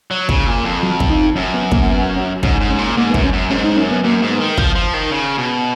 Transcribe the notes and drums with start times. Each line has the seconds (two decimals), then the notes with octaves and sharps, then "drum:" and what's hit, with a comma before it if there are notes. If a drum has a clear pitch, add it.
0.11 F#3
0.29 C#3, drum: kick
0.47 A#2
0.64 F2
0.83 F#3
1.00 drum: kick
1.09 D#4
1.36 F#2 C#4
1.54 B3
1.72 A#3, drum: kick
1.90 B3
2.16 C#4
2.43 G#2 C#4, drum: kick
2.61 G#2
2.70 C#4
2.78 A#2
2.97 G#2 A#3
3.10 B3
3.14 F#2, drum: kick
3.24 C#4
3.33 F#2
3.50 G#2 C#4
3.64 D#4
3.77 F#2 C#4
3.91 B3
4.04 F#2 A#3
4.22 G#2
4.30 B3
4.40 D#3
4.57 F3, drum: kick
4.75 F3
4.94 D#3
5.11 C#3
5.38 B2